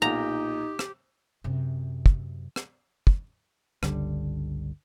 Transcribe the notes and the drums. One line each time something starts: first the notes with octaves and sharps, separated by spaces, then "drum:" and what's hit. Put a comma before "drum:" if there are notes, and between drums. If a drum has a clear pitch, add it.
B1 A#2 D#4 G4 A#5
drum: rim click
F#2 C3
drum: kick
drum: rim click
drum: kick
G1 C#2 D3 G3, drum: rim click